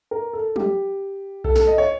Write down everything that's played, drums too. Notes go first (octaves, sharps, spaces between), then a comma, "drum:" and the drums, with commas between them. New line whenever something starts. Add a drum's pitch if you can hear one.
A#4
A4
G4, drum: tom
A4, drum: kick B1
A4, drum: snare
D#5
C#5